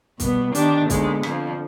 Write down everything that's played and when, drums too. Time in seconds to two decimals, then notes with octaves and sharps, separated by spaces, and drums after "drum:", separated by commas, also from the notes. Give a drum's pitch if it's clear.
0.20 B2 G3 B3, drum: kick, hi-hat
0.55 D#3 B3 D4 G4, drum: hi-hat
0.90 D#2 D3 G#3 B3, drum: kick, hi-hat
1.23 F2 D3 F3, drum: rim click